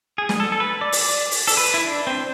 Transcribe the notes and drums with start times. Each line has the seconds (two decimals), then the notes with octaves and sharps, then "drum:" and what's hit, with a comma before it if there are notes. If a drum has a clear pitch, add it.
0.18 G#4
0.29 drum: snare
0.40 A4
0.52 A4
0.60 B4
0.81 D5
0.92 drum: open hi-hat
1.01 D5
1.31 drum: open hi-hat
1.47 A4, drum: open hi-hat
1.57 B4
1.74 E4
1.86 D4
2.07 C4